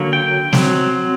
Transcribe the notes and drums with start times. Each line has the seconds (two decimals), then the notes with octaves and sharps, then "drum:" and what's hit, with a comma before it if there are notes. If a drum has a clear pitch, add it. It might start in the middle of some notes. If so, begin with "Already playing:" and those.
Already playing: D3 F#3 A#3
0.13 G5
0.53 F#3 C4, drum: snare